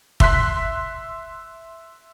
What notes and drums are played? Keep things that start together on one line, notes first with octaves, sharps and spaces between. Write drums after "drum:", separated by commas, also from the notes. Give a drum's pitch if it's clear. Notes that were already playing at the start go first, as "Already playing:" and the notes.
E5 C6 F#6 B6, drum: kick